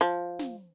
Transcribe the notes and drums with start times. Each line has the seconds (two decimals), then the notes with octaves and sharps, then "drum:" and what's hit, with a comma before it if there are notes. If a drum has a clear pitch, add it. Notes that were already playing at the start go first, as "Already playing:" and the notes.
0.01 F3
0.39 drum: snare